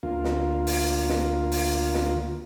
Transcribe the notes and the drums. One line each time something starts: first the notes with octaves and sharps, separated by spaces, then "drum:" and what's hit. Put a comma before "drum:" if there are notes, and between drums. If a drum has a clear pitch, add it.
D2 A#3 F4
drum: snare
drum: open hi-hat
drum: snare
drum: open hi-hat
drum: snare